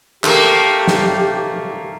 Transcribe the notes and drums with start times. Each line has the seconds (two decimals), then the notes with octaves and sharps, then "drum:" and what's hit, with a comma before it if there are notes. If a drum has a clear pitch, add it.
0.24 A3 A#3 G4, drum: clap
0.88 drum: snare